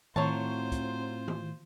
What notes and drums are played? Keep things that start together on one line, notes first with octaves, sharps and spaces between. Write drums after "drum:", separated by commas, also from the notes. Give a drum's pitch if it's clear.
A2 F#3 C4 F4 C5 C#5 A5, drum: tom D#3
drum: kick, hi-hat
drum: tom D#3